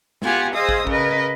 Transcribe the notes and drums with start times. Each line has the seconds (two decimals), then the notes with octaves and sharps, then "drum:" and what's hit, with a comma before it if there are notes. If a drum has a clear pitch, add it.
0.22 B3 F4 G4 F#5 G#5, drum: snare
0.53 G#4 C5 D#5 F5 D#6 E6
0.69 drum: kick
0.87 C#3 A#4 B4 D#5, drum: kick